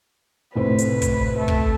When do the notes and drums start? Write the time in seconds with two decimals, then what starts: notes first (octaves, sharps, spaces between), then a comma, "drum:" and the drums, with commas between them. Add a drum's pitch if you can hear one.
0.56 F1 A2 B4 C5
0.79 drum: hi-hat
1.02 drum: kick, hi-hat
1.38 A3
1.48 drum: kick